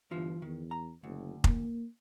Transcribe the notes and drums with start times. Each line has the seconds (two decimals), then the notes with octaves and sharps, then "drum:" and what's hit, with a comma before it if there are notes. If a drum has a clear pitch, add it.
0.11 G1 E3 F4
0.42 E2 D#3
0.71 A#5
1.04 F#1 D2
1.44 A#3, drum: kick F1